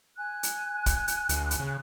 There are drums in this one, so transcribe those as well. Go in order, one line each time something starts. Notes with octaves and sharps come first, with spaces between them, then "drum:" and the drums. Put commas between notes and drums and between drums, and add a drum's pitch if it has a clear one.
G#5 F#6
drum: hi-hat
drum: kick, hi-hat
drum: hi-hat
D2, drum: hi-hat
drum: hi-hat
C#3